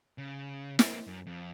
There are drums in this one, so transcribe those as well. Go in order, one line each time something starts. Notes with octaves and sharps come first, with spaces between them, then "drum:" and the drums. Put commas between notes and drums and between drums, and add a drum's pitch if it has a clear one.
C#3
A#3 C4, drum: snare
F#2
F2